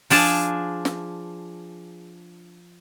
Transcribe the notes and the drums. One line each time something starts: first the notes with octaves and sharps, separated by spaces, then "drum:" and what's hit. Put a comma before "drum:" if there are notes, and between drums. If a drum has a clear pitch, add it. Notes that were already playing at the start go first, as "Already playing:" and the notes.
F3 D4 G#4 A5, drum: open hi-hat
drum: snare